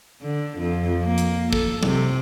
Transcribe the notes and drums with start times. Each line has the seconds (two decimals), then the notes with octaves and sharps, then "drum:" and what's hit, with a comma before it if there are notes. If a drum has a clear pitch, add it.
0.21 D3
0.58 F2
1.03 A#3
1.18 drum: hi-hat
1.53 A4, drum: kick
1.83 C3, drum: tom F#3